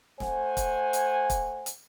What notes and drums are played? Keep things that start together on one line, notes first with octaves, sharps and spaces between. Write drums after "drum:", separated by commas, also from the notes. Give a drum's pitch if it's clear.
A3 C5 F#5 G#5, drum: snare
drum: kick, hi-hat
drum: hi-hat
drum: kick, hi-hat
drum: hi-hat